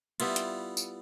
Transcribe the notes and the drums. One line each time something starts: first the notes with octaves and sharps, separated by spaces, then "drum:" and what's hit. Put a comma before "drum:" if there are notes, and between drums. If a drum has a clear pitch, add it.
G3 B3 E4 F4, drum: cymbal
drum: hi-hat
drum: tambourine